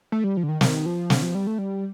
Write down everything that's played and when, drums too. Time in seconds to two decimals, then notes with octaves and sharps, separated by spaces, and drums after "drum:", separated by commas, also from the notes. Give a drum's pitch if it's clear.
0.12 A3
0.24 G3
0.37 F3
0.43 D3
0.49 D#3
0.61 D#3, drum: snare
0.86 F3
1.10 D3, drum: snare
1.22 F3
1.35 G3
1.47 A3
1.58 G3